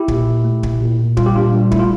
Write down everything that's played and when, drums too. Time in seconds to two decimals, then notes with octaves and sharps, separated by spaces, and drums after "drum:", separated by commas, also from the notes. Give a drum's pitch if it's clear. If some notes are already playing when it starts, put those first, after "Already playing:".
Already playing: E4 G4
0.08 A#2, drum: kick
0.27 A#2
0.44 A3
0.63 A#2, drum: kick
0.81 A#2
0.99 A#2
1.17 G3 F4, drum: kick
1.26 G4
1.35 A#2 D4 F4
1.54 G3
1.71 A3 E4, drum: kick
1.80 F4